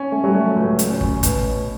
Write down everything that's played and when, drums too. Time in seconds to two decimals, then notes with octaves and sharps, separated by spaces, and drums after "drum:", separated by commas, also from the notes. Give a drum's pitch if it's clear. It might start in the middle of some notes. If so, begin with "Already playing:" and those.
Already playing: C#4
0.12 A3
0.24 F#3 G3
0.35 A3
0.56 C#2
0.79 drum: hi-hat
0.89 C#4
1.01 drum: kick
1.23 B2, drum: kick, hi-hat